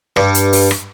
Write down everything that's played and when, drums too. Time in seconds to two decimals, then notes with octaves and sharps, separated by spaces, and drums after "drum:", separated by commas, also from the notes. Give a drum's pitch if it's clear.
0.16 G2, drum: rim click
0.34 drum: hi-hat
0.53 drum: open hi-hat
0.71 drum: rim click